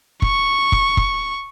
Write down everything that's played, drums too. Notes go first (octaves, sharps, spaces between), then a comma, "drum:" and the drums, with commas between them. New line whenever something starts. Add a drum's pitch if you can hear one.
C#6, drum: kick
drum: kick
drum: kick